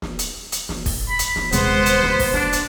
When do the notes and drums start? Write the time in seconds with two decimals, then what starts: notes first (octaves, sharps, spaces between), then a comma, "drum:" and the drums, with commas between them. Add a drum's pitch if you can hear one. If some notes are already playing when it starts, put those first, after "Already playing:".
0.02 drum: snare
0.19 drum: hi-hat
0.52 drum: hi-hat
0.69 drum: snare
0.86 drum: kick, open hi-hat
1.09 B5
1.19 drum: hi-hat
1.36 drum: snare
1.53 D#1 C3 G#3 B3 C5, drum: hi-hat
1.86 drum: hi-hat
2.03 drum: snare
2.19 drum: kick, open hi-hat
2.34 D4, drum: snare
2.53 drum: hi-hat